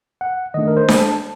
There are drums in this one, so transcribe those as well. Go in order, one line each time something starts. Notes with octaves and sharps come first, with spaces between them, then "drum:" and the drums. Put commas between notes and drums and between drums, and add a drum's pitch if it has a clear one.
F#5
D#3 A3 D4 D#5
A#4
C5
drum: snare D4
A5